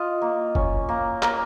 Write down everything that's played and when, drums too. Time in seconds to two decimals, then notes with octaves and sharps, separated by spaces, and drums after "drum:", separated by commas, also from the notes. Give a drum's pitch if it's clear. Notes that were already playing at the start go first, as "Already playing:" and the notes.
Already playing: F4 D#5
0.22 A#3
0.55 C#4, drum: kick F#1
0.89 A#3
1.22 A#3 A#4, drum: clap